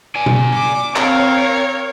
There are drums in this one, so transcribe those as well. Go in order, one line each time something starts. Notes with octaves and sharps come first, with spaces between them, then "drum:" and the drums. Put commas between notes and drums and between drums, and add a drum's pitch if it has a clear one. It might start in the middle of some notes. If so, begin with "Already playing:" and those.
D5 G#5
drum: tom B2
D6
C4 A#4 C#5 F5, drum: clap